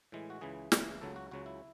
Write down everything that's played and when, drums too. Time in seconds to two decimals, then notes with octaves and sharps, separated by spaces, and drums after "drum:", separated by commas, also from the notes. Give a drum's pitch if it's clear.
0.12 A2 E3 G#3
0.30 F#4
0.41 C#2 C#3 E3 G#4
0.72 C#2 C#3 E3, drum: snare
1.01 C#2 C#3 F#3 A4
1.16 F#4
1.31 C#2 C#3 F#3 F#4
1.46 E4